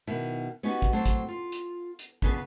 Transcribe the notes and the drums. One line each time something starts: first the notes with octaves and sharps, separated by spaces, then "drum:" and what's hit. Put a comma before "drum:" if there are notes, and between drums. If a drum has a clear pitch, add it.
B2 D#3 E4
B3 C#4 D#4 F#4 G4
drum: kick
A2 F#3 C4 A5
drum: kick, hi-hat
F4
drum: hi-hat
drum: hi-hat
F2 C#3 B3 D4 G#4 B4, drum: kick